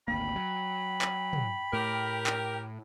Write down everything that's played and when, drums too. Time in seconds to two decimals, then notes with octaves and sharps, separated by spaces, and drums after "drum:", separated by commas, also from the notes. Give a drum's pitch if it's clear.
0.08 G#1 D2 A#3 G5 B5
0.36 F#3
1.02 drum: clap
1.33 drum: tom
1.73 A2 G4 A#4
2.27 drum: clap